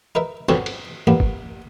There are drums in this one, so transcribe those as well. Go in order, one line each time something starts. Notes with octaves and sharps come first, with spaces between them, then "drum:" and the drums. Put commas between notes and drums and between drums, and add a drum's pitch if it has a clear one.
D#4 A#4 B4 E5
B3 C4 D4 F#4 A4 A5, drum: snare
drum: cymbal
A1 G2 A#2 B3 D4
drum: kick F#1